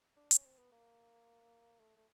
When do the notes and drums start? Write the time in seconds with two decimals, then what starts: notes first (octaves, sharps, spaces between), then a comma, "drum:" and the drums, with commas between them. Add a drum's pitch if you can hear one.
0.17 D4
0.31 C#4, drum: hi-hat
0.45 C4
0.58 B3
0.72 A#3
1.79 A3
1.97 A3